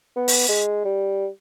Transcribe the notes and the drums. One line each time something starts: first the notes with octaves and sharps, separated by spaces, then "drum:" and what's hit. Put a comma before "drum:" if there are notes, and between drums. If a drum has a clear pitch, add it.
B3
drum: open hi-hat
G#3
G3